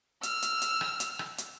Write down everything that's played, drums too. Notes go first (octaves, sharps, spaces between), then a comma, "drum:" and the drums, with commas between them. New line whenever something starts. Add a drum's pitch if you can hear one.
E6 F6, drum: hi-hat
drum: hi-hat
drum: hi-hat
drum: rim click
drum: hi-hat
drum: rim click
drum: hi-hat